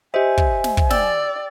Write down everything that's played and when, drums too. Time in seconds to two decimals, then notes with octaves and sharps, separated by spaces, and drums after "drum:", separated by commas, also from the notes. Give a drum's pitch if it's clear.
0.14 G4 C5 D#5 E5 G#5
0.38 drum: kick
0.64 drum: snare
0.77 drum: kick
0.90 D5 G5 E6 A6, drum: snare